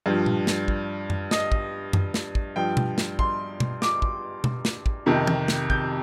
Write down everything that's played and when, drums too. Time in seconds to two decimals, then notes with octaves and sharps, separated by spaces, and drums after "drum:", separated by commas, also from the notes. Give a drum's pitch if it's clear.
0.06 G2 F3
0.26 drum: tom A#2
0.47 drum: snare
0.68 drum: kick
1.10 drum: tom F#2
1.31 D#5, drum: snare
1.52 drum: kick
1.93 drum: tom F#2
2.14 drum: snare
2.35 drum: kick
2.56 G2 F3 G5
2.77 drum: tom B2
2.98 drum: snare
3.19 C6, drum: kick
3.60 drum: tom B2
3.82 D6, drum: snare
4.02 drum: kick
4.44 drum: tom B2
4.65 drum: snare
4.86 drum: kick
5.06 F2 C3 D#3
5.27 drum: tom
5.48 drum: snare
5.70 G6, drum: kick